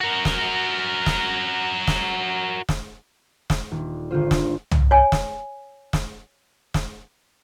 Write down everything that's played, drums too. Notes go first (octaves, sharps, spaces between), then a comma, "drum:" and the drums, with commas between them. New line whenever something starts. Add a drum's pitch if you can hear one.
F#4 A#4
drum: snare
drum: snare
drum: snare
drum: snare
drum: snare
D#1
G#1 D3 F4 C5
drum: snare
drum: tom C2
C#5 G#5
drum: snare
drum: snare
drum: snare